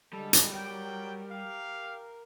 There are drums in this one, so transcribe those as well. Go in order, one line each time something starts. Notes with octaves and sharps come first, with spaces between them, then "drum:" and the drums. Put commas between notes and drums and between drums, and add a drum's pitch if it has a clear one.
D3 G3 G#3 A4
drum: hi-hat
F#3 A#4 D5 G5
G4 F5